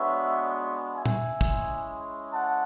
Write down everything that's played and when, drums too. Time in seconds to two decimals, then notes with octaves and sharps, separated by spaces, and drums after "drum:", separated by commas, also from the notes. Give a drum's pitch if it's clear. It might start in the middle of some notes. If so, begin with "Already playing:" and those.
Already playing: G#3 B3 D4 F#4 C#5 E5
0.94 E5 G#5
1.05 drum: tom A#2
1.41 G#3 C#4 E4, drum: kick
2.33 F#5 A5